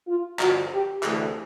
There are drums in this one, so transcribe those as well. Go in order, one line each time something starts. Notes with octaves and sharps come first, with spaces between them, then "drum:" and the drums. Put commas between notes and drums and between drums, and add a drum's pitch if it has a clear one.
F4
G2 D3 F3 F#4, drum: clap
G4
D2 C3 E3 A3 G#4, drum: clap